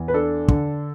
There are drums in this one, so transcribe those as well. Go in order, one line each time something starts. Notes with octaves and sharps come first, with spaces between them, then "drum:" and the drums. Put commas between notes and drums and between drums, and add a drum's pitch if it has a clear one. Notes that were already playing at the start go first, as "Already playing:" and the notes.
Already playing: E2
B4
D4 A4
D3, drum: kick